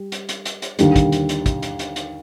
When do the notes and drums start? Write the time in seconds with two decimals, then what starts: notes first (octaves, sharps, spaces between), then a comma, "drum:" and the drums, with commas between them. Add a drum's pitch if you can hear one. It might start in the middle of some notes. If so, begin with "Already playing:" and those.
Already playing: G3
0.12 drum: hi-hat
0.29 drum: hi-hat
0.45 drum: hi-hat
0.62 drum: hi-hat
0.79 D#2 D3 G3, drum: hi-hat
0.96 drum: kick, hi-hat
1.12 drum: hi-hat
1.29 drum: hi-hat
1.46 drum: kick, hi-hat
1.63 drum: hi-hat
1.79 drum: hi-hat
1.96 drum: hi-hat